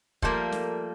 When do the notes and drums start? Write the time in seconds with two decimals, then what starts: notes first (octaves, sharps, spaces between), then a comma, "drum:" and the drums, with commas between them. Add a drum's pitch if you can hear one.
0.22 F3 G3 A3 A#3 A#4, drum: kick
0.52 drum: snare